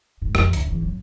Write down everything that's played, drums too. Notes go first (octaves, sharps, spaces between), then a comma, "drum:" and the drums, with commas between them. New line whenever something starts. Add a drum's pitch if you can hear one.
G#2
A1 F2, drum: rim click
C#2 C#3, drum: hi-hat
G#1 E2
A1 F#3